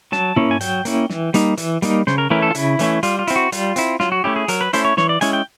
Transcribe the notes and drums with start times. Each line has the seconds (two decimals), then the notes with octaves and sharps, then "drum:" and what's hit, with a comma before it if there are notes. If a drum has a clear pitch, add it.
0.12 F#3 A5, drum: snare
0.36 A#3 C#4 E4, drum: tom
0.51 G#5
0.61 F#3 G5, drum: hi-hat
0.85 A#3 C#4 E4, drum: hi-hat
1.10 E3, drum: snare
1.34 G3 A#3 D#4, drum: hi-hat
1.57 E3, drum: hi-hat
1.82 G3 A#3 D#4, drum: hi-hat
2.07 C#3 C5, drum: snare
2.18 A#4
2.30 E3 A3 C#4 E4 A#4
2.42 A4
2.51 F4
2.55 C#3 E4, drum: hi-hat
2.79 E3 A3 C#4 E4, drum: hi-hat
3.03 G3 F4, drum: hi-hat
3.19 F4
3.27 C4 E4, drum: hi-hat
3.36 F#4
3.52 G3 F4, drum: hi-hat
3.76 C4 E4, drum: hi-hat
4.00 F#3 F4, drum: snare
4.12 F#4
4.24 A3 C#4 E4 G4
4.36 G#4
4.48 F#3 A#4, drum: hi-hat
4.61 B4
4.73 A3 C#4 E4 C5, drum: hi-hat
4.85 C#5
4.97 E3 C#5, drum: snare
5.09 D5
5.21 G#3 C#4 E4 G#5, drum: hi-hat
5.33 G5